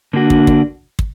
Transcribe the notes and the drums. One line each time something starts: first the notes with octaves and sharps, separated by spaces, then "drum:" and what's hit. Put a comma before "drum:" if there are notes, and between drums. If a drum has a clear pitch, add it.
D3 A#3 D4 F#4
drum: kick
drum: kick
drum: kick